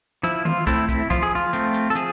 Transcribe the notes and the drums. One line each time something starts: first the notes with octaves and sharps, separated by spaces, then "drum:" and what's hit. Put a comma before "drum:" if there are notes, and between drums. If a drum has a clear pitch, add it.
F3 E4, drum: hi-hat
F4, drum: tom D#3
A3 C4 E4, drum: kick, hi-hat
E4, drum: kick, hi-hat
F3 F4, drum: kick, hi-hat
G#4
F4
A3 C4, drum: hi-hat
drum: hi-hat
A4
F3 G#4, drum: hi-hat